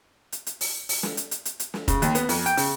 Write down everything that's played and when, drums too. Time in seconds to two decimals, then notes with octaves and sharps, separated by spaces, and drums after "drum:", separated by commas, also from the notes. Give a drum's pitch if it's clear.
0.32 drum: hi-hat
0.47 drum: hi-hat
0.61 drum: open hi-hat
0.89 drum: open hi-hat
1.03 drum: snare
1.17 drum: hi-hat
1.31 drum: hi-hat
1.45 drum: hi-hat
1.60 drum: hi-hat
1.74 drum: snare
1.88 C#3, drum: kick F1, hi-hat
2.02 D#2, drum: hi-hat
2.15 B3, drum: hi-hat
2.29 F2, drum: open hi-hat
2.46 G5, drum: hi-hat
2.57 C#3, drum: open hi-hat